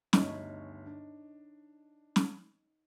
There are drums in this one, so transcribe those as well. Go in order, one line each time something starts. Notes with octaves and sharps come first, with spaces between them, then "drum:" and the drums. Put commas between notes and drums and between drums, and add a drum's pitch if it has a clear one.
G1 D2 D#4 C#5, drum: snare
D4
drum: snare